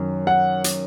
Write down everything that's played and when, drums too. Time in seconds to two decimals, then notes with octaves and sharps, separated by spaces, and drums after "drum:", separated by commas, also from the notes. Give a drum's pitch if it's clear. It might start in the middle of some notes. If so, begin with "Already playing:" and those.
Already playing: F#2 D#3
0.27 F#5
0.64 drum: hi-hat